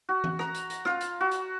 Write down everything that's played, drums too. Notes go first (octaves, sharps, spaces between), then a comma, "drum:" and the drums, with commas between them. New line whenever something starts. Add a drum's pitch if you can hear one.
F#4
drum: tom E3
A#5, drum: rim click
drum: hi-hat
drum: hi-hat
F4, drum: rim click
drum: hi-hat
F#4
drum: hi-hat